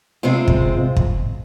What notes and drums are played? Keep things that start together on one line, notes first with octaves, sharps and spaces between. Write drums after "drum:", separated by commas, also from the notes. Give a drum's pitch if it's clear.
C3 G#3 C4 F4
drum: kick
drum: kick